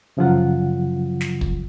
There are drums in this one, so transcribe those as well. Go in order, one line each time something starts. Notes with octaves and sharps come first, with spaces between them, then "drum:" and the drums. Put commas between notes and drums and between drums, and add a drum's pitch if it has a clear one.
F#2 C#3 F3 F#3 F4 F#5
drum: snare
drum: kick